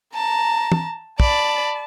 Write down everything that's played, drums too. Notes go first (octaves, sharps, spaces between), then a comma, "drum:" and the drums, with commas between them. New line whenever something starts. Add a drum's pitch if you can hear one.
A5 A#5
drum: tom
D5 A5 B5, drum: kick